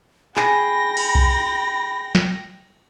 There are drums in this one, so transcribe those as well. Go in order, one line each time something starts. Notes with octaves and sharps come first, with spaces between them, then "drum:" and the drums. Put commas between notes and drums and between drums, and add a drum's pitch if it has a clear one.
G#4 G5 B5 A#6, drum: clap
drum: cymbal
drum: kick B1
drum: snare